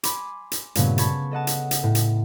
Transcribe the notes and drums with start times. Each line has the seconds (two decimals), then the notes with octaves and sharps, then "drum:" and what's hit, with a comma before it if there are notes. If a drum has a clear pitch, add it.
0.03 G#5 B5 C6 D6, drum: hi-hat
0.51 drum: hi-hat
0.75 G2 A#2 C#3 A3 B3 C#4, drum: hi-hat
0.98 A5 B5 C#6 G#6 A6, drum: hi-hat
1.31 A4 D#5 F#5 A5
1.47 drum: hi-hat
1.71 drum: hi-hat
1.83 A2
1.95 drum: hi-hat